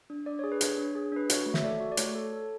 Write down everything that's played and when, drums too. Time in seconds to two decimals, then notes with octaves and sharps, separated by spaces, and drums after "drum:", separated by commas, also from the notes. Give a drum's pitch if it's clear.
0.10 D4
0.26 D4 D5
0.39 G#4 C#5
0.52 B4
0.61 D4 C#5, drum: hi-hat
0.78 D4
0.95 G#4
1.12 D4 B4
1.30 F#4 C#5, drum: hi-hat
1.46 A3
1.54 E5, drum: snare
1.64 A4 D5
1.80 F#4
1.92 D5
1.97 A3 C#5, drum: hi-hat
2.15 A4
2.33 A4